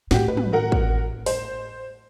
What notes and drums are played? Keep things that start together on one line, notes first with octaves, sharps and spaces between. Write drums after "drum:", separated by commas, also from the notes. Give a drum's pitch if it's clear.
A2 F#4 G4, drum: snare
B4
drum: tom
F#4 A#4 F#5
drum: kick
C5, drum: open hi-hat